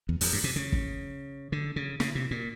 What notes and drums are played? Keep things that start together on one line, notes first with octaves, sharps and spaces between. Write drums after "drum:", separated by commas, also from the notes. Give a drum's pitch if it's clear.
E2
F2, drum: open hi-hat
G2
C3
C#3
drum: kick
D3
C#3
C#3, drum: snare
C3
A#2